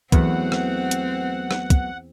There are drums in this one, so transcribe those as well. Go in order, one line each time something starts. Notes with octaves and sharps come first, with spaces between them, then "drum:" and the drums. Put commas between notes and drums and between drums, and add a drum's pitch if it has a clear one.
E2 F#3 A3 B3 C4 F#5, drum: kick, hi-hat
drum: rim click
drum: hi-hat
drum: rim click
drum: kick, hi-hat